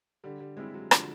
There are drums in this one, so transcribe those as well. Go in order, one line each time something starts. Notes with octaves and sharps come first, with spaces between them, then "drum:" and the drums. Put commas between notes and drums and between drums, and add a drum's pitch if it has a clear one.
D3 G3
G3
G3 G#3 C4 E4
F#3
D3 F3, drum: rim click